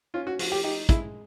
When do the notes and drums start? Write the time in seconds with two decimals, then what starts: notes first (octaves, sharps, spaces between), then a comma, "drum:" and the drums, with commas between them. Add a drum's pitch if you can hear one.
0.14 C#4 F4
0.27 F#4
0.39 F3 F#4, drum: open hi-hat
0.52 G4
0.63 D#4 G4
0.89 G#3 E4, drum: kick, hi-hat